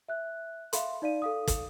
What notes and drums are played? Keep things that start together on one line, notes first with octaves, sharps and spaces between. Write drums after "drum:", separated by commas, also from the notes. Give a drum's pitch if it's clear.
E5 F#6
E5 F5 B5 C6, drum: hi-hat
D#4 D5 F5 D#7
A4 F5 D#6
drum: kick, hi-hat